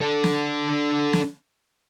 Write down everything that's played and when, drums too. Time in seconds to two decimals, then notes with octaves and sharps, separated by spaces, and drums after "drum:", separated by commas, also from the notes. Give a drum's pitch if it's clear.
0.01 D4 A4
0.24 drum: snare
1.13 drum: snare